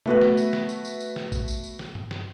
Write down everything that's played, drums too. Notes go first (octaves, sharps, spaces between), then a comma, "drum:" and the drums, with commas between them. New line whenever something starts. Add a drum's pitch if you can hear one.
A3 B3 F#4 B4, drum: tom B2
drum: snare
drum: tambourine
drum: snare
drum: tambourine
drum: tambourine
drum: tambourine
drum: snare
drum: kick G#1, tambourine
drum: tambourine
drum: tambourine
drum: snare
drum: tom G2
drum: snare